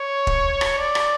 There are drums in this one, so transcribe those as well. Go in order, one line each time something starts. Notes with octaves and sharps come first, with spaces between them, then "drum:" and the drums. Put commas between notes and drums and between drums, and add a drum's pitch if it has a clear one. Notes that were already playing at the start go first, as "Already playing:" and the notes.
Already playing: C#5
drum: kick
drum: rim click
D5
drum: rim click